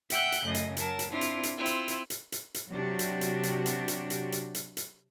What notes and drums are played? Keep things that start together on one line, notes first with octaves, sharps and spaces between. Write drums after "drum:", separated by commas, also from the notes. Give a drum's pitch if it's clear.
E5 F#5 G5 E6 F#6 G6, drum: hi-hat
drum: hi-hat
F#2 C#3 A3 D#5
drum: hi-hat
F#3 A#4 A5, drum: hi-hat
drum: hi-hat
C4 D4 E4 F4
drum: hi-hat
drum: hi-hat
C4 E4 F4
drum: hi-hat
drum: hi-hat
drum: hi-hat
drum: hi-hat
drum: hi-hat
C3 F#3 D4 F#4 G4
drum: hi-hat
drum: hi-hat
drum: hi-hat
drum: hi-hat
drum: hi-hat
drum: hi-hat
drum: hi-hat
drum: hi-hat
drum: hi-hat